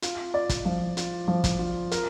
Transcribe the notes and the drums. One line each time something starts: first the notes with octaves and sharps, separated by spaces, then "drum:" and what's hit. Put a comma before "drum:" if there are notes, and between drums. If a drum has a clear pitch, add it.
F4, drum: hi-hat
D5
drum: kick, hi-hat
F3
F4, drum: hi-hat
F3
drum: kick, hi-hat
F4
A#4, drum: hi-hat